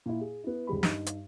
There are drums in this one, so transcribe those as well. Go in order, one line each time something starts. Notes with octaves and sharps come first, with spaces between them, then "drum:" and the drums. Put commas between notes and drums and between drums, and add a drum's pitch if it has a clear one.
A#2 E4
G#4
B3 E4
D#1 G3 G#3 B5
G2 D#4, drum: snare
drum: hi-hat